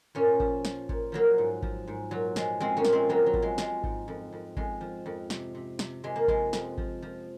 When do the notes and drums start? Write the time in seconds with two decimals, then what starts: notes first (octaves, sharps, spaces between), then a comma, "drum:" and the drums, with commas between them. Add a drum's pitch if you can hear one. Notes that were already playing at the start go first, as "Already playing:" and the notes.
0.15 A#2 A#3 C#4
0.40 F3, drum: kick G#1
0.65 F3, drum: snare
0.89 A#2, drum: kick G#1
1.12 F3 F#3 A#3
1.38 G#2
1.62 F3, drum: kick G#1
1.87 G#2
2.11 A#2 F#3
2.36 F3 G#3, drum: snare
2.60 F3 G#3 C4
2.77 A#3 C#4
2.85 A#2, drum: snare
2.93 G#3 C4
3.09 F3 F#3 A#3
3.26 F#3
3.34 F3, drum: kick G#1
3.42 G#3
3.58 F3 G#3, drum: snare
3.84 G#2, drum: kick G#1
4.08 F2
4.33 F2
4.57 F2 G#3, drum: kick G#1
4.81 F3
5.06 F2
5.30 C3, drum: snare
5.55 C3
5.79 C3, drum: snare
6.04 C3 G#3
6.16 A#3
6.28 F3 G#3, drum: kick G#1
6.53 F2, drum: snare
6.78 F3, drum: kick G#1
7.02 F3